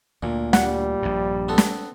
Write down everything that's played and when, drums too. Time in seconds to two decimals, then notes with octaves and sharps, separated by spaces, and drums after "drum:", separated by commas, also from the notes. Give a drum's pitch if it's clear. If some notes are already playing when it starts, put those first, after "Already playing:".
0.23 D2 A#2
0.53 G3 F#5, drum: snare
1.02 A#1 G2
1.48 B3 C4 A4
1.58 drum: snare